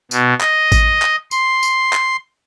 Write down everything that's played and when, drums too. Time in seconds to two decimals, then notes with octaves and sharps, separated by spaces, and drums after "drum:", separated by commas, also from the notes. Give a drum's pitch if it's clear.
0.11 B2, drum: tambourine
0.41 D#5, drum: clap
0.72 drum: kick A1, tambourine
1.02 drum: clap
1.31 C6, drum: tambourine
1.63 drum: tambourine
1.93 drum: clap